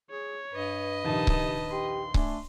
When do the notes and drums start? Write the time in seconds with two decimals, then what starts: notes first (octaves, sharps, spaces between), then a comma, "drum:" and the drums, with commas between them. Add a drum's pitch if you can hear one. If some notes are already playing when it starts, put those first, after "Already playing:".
0.10 G#4 C#5
0.53 G2 B4 D#5
1.05 A#1 D#2 C3 D#4 A5
1.27 drum: kick C#1
1.72 G4 C6
2.14 A3 D4 G#5, drum: kick C#1